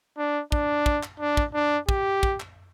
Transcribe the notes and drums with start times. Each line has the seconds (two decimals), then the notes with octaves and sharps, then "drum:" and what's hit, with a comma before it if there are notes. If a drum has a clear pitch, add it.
0.17 D4
0.52 D4, drum: kick
0.86 drum: kick
1.03 drum: clap
1.20 D4
1.37 drum: kick
1.54 D4
1.89 G4, drum: kick
2.23 drum: kick
2.40 drum: clap